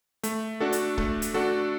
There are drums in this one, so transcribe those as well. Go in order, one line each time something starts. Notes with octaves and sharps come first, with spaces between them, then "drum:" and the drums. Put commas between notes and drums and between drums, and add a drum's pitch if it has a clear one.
A3, drum: hi-hat
D4 F#4 A4
drum: hi-hat
A3, drum: kick C#1
drum: hi-hat
D4 F#4 A4